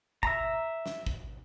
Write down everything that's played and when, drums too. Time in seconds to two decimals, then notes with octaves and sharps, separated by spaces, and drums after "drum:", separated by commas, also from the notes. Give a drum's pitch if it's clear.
0.23 E5 A#5, drum: kick
0.86 drum: snare
1.07 drum: kick